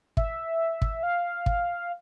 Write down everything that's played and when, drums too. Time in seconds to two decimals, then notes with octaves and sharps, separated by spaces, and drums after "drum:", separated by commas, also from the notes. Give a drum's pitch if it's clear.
0.17 E5, drum: kick
0.82 drum: kick
1.03 F5
1.46 drum: kick